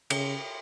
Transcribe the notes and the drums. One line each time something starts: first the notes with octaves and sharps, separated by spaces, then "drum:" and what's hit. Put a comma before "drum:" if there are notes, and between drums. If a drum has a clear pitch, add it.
C#3, drum: cymbal